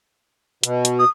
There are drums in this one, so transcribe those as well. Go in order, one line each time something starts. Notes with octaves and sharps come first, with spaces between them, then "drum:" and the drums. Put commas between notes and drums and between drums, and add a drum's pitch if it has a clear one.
B2, drum: hi-hat
drum: hi-hat
D#6